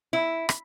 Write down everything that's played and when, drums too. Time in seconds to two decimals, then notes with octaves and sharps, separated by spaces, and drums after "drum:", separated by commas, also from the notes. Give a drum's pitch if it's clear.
0.13 E4
0.49 drum: rim click